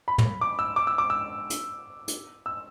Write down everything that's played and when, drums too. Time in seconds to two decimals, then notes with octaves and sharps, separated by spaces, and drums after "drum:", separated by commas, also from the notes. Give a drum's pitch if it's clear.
0.08 B5
0.18 drum: tom
0.41 D6
0.59 E6
0.76 D6
0.87 E6
0.98 D6
1.10 E6
1.50 drum: hi-hat
2.08 drum: hi-hat
2.46 E6